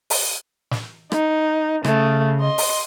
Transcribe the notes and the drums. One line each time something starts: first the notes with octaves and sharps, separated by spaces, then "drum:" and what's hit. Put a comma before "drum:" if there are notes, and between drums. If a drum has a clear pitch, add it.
drum: open hi-hat
drum: snare
D#4, drum: rim click
C#3 A3, drum: rim click
D#5 C6
drum: open hi-hat